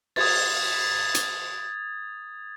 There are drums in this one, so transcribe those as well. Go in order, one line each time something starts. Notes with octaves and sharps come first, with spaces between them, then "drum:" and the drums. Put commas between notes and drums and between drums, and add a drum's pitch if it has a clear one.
D#6 G#6 A6, drum: cymbal
drum: hi-hat